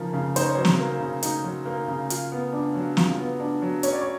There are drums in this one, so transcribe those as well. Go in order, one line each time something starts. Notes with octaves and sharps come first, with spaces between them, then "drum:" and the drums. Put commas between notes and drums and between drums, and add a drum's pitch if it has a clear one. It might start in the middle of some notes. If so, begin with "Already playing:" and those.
Already playing: C#3 F3 A#3 D#4
C#3
D#4 C5, drum: hi-hat
C#5
F#3 C5
drum: snare
A#3
C#3
D#4, drum: hi-hat
F#3
A#3
C#3
F4, drum: hi-hat
B3
D4
F#3
F4, drum: snare
B3
D4
F#3
C#4 C#5, drum: hi-hat
D5
C#5